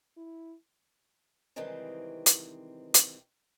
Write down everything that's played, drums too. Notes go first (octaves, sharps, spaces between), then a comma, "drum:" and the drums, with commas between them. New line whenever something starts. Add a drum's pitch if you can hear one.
E4
C3 D#3 E3 G3 G#3 C4
drum: hi-hat
drum: hi-hat